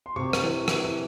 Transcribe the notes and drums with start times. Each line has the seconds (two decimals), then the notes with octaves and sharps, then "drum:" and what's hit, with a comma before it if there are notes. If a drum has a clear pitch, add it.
0.06 C6
0.16 C3 C#6
0.33 drum: rim click
0.42 E3
0.68 E3, drum: rim click